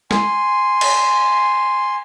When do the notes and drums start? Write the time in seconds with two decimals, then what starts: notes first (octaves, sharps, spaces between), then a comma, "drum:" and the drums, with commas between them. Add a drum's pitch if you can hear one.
0.11 G#5 C6, drum: snare
0.81 drum: cymbal